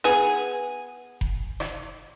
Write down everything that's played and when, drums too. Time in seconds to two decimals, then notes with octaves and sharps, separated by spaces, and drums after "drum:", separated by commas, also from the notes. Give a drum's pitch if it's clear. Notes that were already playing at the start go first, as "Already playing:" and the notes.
0.04 B3 G#4
1.21 drum: kick F1
1.60 drum: rim click